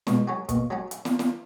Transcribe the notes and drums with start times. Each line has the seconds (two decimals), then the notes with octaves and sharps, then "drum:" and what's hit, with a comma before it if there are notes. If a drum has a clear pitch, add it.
0.07 B2 G#3, drum: snare
0.27 F#3 C#4 F#4
0.49 B2 A#3, drum: kick, hi-hat
0.70 F#3 C#4 F#4
0.91 drum: hi-hat
1.05 drum: snare
1.19 drum: snare